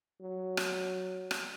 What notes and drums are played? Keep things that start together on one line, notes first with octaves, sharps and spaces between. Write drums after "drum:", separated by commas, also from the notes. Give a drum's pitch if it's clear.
F#3
drum: rim click
drum: rim click